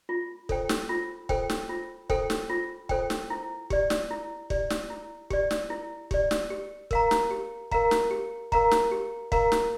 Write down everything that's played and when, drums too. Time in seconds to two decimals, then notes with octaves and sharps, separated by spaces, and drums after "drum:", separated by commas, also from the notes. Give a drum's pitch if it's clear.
0.09 F4
0.49 A4 C5 G5, drum: kick
0.69 drum: snare
0.89 F4
1.29 A4 C5 G5, drum: kick
1.50 drum: snare
1.69 F4
2.10 A4 C5 G5, drum: kick
2.30 drum: snare
2.50 F4
2.89 A4 C5 G5, drum: kick
3.10 drum: snare
3.30 E4
3.70 G4 D5, drum: kick
3.90 drum: snare
4.11 E4
4.50 G4 D5, drum: kick
4.70 drum: snare
4.90 E4
5.30 G4 D5, drum: kick
5.51 drum: snare
5.70 E4
6.11 G4 D5, drum: kick
6.31 drum: snare
6.50 G4
6.91 A#4 F5 A#5, drum: kick
7.11 drum: snare
7.31 G4
7.71 A#4 F5 A#5, drum: kick
7.91 drum: snare
8.11 G4
8.52 A#4 F5 A#5, drum: kick
8.71 drum: snare
8.92 G4
9.32 A#4 F5 A#5, drum: kick
9.52 drum: snare